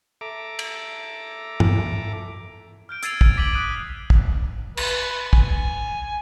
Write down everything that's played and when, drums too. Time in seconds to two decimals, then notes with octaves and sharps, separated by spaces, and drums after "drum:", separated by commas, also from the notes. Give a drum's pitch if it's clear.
0.21 A4 E5 A#5 D6
0.59 drum: cymbal
1.60 drum: tom G2
2.89 F6 G6 D7
3.03 E6 G#6 A6 C7 D#7 F7, drum: hi-hat
3.21 drum: kick
3.37 D6 B6 D7 D#7 F#7 G7
3.54 D#6 F#6 D7 D#7
4.10 drum: kick
4.77 B4, drum: cymbal
5.33 G#5, drum: kick